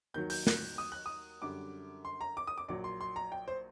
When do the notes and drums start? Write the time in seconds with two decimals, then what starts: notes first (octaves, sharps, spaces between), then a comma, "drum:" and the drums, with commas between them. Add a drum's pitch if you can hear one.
0.14 D#2 D#3 F#3 G6
0.30 G6, drum: open hi-hat
0.47 F#6, drum: snare
0.78 D#6
0.92 F#6
1.06 D#6
1.42 F#2 D3 G3 D6
2.05 C6
2.21 A#5
2.37 D6
2.47 D#6
2.58 D6
2.68 A#1 A#2 F#3 D6
2.84 C6
3.01 C6
3.16 A#5
3.32 G5
3.48 C5